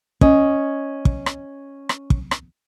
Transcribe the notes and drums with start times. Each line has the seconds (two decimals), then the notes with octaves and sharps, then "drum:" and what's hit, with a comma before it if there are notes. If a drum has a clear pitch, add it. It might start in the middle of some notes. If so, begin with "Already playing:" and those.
0.21 C#4 D#5, drum: kick
1.05 drum: kick
1.26 drum: rim click
1.89 drum: rim click
2.10 drum: kick
2.31 drum: rim click